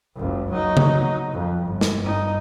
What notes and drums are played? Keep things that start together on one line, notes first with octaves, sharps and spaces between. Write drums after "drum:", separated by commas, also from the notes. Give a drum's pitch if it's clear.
F#1 C#2
F#3 D#4
drum: tom C#3
F2
G1
drum: snare
G2 D#4